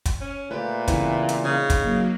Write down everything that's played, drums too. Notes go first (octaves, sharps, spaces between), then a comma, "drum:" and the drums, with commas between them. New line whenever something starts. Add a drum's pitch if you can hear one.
drum: kick, hi-hat
C#4
A#2 A3 G4 B4
C#3 E3 C4, drum: kick, hi-hat
drum: hi-hat
C#3 D#4 G#4 G#5
drum: kick, hi-hat
F#3 A#3